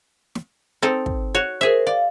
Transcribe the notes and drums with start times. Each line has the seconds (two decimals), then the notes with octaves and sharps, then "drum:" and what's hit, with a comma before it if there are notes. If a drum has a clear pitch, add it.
0.35 drum: snare
0.82 C4 D#4 A4
1.06 drum: kick
1.35 F#4 C#5
1.61 G#4 A#4 C5 E5
1.87 D5 F5